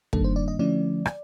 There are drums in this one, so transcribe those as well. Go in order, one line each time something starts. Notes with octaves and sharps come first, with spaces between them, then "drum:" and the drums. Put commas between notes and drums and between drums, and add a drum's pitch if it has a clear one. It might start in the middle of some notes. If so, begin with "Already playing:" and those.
G2 D#3 G3 A#3 D4 A4, drum: kick
C5
D5
D#5
D3 F3 A3 C#4 E4 D5
drum: rim click